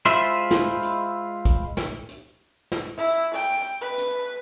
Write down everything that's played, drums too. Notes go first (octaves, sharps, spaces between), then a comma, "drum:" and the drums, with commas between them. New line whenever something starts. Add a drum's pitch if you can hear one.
G#3 E4 F4 C5 E5
drum: snare
drum: hi-hat
drum: kick, hi-hat
drum: snare
drum: hi-hat
drum: snare
E4
G5, drum: open hi-hat
B4
drum: hi-hat